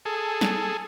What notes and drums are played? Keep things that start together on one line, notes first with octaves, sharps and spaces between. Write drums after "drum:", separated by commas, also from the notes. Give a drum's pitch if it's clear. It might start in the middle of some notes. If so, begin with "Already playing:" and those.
G#4 A4
drum: snare